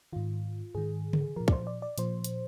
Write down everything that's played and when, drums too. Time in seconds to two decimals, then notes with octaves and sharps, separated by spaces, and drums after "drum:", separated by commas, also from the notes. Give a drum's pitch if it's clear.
0.13 G#2 D#3 F4
0.75 G#2 D#3 G#4
1.13 drum: tom C#3
1.36 A#2 F3 A#4
1.48 D5, drum: kick
1.52 C5
1.67 D5
1.82 D5
1.98 A#2 F3 C5, drum: hi-hat
2.24 drum: hi-hat